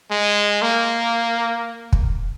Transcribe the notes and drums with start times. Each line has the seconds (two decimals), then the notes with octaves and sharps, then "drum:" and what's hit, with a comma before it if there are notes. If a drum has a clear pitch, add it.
0.11 G#3
0.62 A#3
1.93 drum: kick